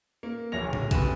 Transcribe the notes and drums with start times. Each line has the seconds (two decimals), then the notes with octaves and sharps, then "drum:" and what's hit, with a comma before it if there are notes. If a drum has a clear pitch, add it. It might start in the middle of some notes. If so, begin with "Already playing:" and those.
0.23 A#3
0.52 D1 B1 E2 C#5 A#6 F7
0.73 D3, drum: tom A2
0.91 D#1 D2 B4 E7, drum: kick, hi-hat